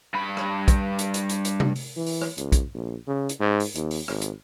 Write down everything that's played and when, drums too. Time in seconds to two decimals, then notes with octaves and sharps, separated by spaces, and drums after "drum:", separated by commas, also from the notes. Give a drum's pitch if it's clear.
0.14 G2 B5
0.37 drum: rim click
0.68 drum: kick, hi-hat
0.99 drum: hi-hat
1.14 drum: hi-hat
1.29 drum: hi-hat
1.45 drum: hi-hat
1.60 drum: tom C3
1.75 drum: open hi-hat
1.96 E3
2.06 drum: open hi-hat
2.22 drum: rim click
2.38 C#2, drum: hi-hat
2.52 drum: kick, hi-hat
2.74 A#1
3.07 C#3
3.29 drum: hi-hat
3.40 G#2
3.60 drum: open hi-hat
3.75 D#2, drum: hi-hat
3.91 drum: open hi-hat
4.08 G#1, drum: rim click
4.21 drum: hi-hat